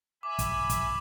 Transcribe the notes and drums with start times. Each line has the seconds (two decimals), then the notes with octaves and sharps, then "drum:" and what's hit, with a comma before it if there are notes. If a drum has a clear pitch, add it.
0.23 E5 G#5 B5 D6
0.39 drum: kick, hi-hat
0.69 drum: kick, hi-hat